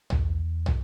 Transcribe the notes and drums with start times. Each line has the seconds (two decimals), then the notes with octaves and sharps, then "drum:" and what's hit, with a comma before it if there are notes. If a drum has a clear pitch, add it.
0.10 E2, drum: tom
0.66 drum: tom